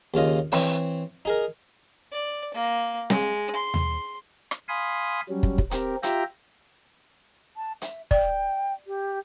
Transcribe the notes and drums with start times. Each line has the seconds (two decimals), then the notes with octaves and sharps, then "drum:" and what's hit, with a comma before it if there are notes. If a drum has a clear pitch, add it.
0.14 D#2 C#3 F4 D#5
0.52 E3 C4 C#5, drum: open hi-hat
1.25 D#4 G#4 A#4
2.12 D5
2.54 A#3
3.10 G#3, drum: snare
3.55 C6
3.74 drum: tom D#2
4.51 drum: rim click
4.69 F5 G#5 B5 C6 D#6
5.29 F#3 G3 C#4
5.43 drum: kick
5.58 drum: kick
5.71 C4 G4 A#4, drum: hi-hat
6.03 F4 G4 E5 G5 A#5, drum: hi-hat
7.56 A5
7.82 E5, drum: hi-hat
8.11 D5 G5, drum: kick
8.87 G4